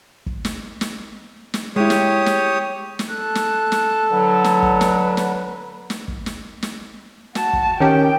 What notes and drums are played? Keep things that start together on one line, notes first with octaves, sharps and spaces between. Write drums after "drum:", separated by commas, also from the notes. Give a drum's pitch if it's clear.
drum: kick
drum: snare
drum: snare
drum: snare
G#3 E4 G4 C#5 D#6
drum: snare
drum: snare
drum: snare
A4 F#6
drum: snare
drum: snare
D3 F#3 B4 F#5
drum: snare
drum: kick
drum: snare
drum: snare
drum: snare
drum: kick
drum: snare
drum: snare
F#4 A5, drum: snare
drum: kick
D#3 C#4 G4 G5